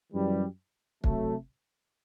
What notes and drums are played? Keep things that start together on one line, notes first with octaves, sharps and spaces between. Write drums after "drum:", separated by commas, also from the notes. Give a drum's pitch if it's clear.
F#2 E3 G3
C3 F#3 A3, drum: kick